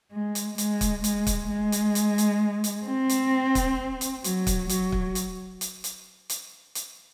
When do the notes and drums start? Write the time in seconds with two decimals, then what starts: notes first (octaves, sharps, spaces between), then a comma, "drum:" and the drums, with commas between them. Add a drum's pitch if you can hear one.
0.12 G#3
0.35 drum: hi-hat
0.58 G#3, drum: hi-hat
0.81 drum: kick, hi-hat
1.04 G#3, drum: hi-hat
1.27 drum: kick, hi-hat
1.49 G#3
1.72 drum: hi-hat
1.95 drum: hi-hat
2.18 drum: hi-hat
2.64 drum: hi-hat
2.87 C4
3.09 drum: hi-hat
3.55 drum: kick, hi-hat
4.01 drum: hi-hat
4.24 F#3, drum: hi-hat
4.47 drum: kick, hi-hat
4.69 F#3, drum: hi-hat
4.92 drum: kick
5.15 drum: hi-hat
5.61 drum: hi-hat
5.84 drum: hi-hat
6.30 drum: hi-hat
6.75 drum: hi-hat